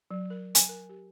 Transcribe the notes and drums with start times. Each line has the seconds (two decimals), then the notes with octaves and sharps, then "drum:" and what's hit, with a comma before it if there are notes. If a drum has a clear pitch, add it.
0.11 F#3
0.30 A#4
0.55 G#5, drum: hi-hat
0.69 A#4
0.89 G4